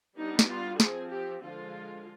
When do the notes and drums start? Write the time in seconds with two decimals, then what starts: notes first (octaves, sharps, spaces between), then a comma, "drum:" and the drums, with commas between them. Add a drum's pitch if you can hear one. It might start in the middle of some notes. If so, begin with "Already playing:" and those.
0.16 G3 B3 D4 D#4
0.39 drum: snare
0.48 F4
0.80 F3 C4 G#4, drum: snare
1.11 G4
1.42 D3 F3 G#3 F4